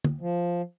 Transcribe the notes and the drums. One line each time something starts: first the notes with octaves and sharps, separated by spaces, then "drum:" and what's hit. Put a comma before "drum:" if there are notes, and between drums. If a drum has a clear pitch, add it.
drum: tom
F3